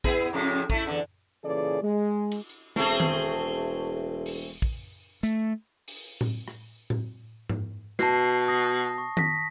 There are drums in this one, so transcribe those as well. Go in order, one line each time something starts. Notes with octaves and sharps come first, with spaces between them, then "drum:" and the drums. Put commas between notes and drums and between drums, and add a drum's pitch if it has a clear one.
B3 E4 G#4, drum: kick
F2 A2 C#3
A3 E4, drum: kick
E2 D3
A#2 C#3 E3 G#4 A4 D5
G#3
drum: cymbal
drum: hi-hat
E1 A3 C4 G#4, drum: snare
drum: tom D#3
drum: open hi-hat
drum: kick
A3, drum: hi-hat
drum: open hi-hat
drum: tom A2
drum: rim click
drum: tom A2
drum: tom G#2
B2 A5 A#6 C7, drum: snare
D#6 A#6
C#6
A#6 B6, drum: tom D#3